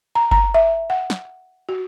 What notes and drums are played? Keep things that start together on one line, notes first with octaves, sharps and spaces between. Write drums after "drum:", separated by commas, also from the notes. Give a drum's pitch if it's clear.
A#5
A#5, drum: kick G1
E5
F#5
drum: snare
F#4